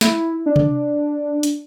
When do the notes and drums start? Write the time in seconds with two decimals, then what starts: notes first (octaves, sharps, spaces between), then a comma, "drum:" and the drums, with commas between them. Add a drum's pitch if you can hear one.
0.01 E4, drum: snare
0.46 D4
0.56 drum: tom C3
1.43 drum: hi-hat